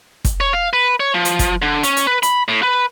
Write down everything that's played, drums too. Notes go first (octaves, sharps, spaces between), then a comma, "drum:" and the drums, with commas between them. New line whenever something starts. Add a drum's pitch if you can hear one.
drum: kick, hi-hat
C#5
F5
B4
C#5
F3
drum: hi-hat
drum: kick, hi-hat
D3
C#4, drum: hi-hat
drum: hi-hat
B4
B5, drum: hi-hat
A2
B4